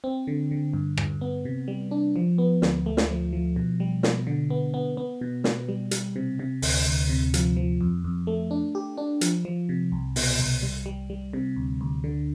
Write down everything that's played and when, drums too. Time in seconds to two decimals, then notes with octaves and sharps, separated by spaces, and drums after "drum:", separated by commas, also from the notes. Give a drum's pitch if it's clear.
0.04 C4
0.27 D3
0.51 D3
0.73 G2
0.97 G2, drum: rim click
1.21 B3
1.45 C3
1.68 G3
1.91 D4
2.16 F3
2.38 B3
2.62 D2, drum: snare
2.86 A3
2.97 drum: snare
3.09 F3
3.33 F3
3.56 B2
3.80 G3
4.03 B2, drum: snare
4.27 D3
4.50 B3
4.74 B3
4.97 B3
5.21 B2
5.44 B2, drum: snare
5.69 G3
5.91 G3, drum: hi-hat
6.16 C3
6.39 C3
6.62 D2, drum: open hi-hat
6.87 D2
7.09 C3
7.34 F3, drum: hi-hat
7.57 F3
7.81 F2
8.04 F2
8.27 A3
8.51 D4
8.75 G4
8.97 D4
9.21 F3, drum: hi-hat
9.45 F3
9.69 C3
9.92 C2
10.16 B2, drum: open hi-hat
10.39 C2
10.63 G3
10.86 G3
11.10 G3
11.33 C3
11.56 D2
11.81 D2
12.04 D3